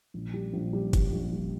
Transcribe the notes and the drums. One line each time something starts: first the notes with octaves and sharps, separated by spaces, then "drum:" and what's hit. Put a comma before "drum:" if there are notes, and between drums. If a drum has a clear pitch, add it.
A#1
G3
A#1
G3
G3, drum: kick G1, hi-hat
A#1
G3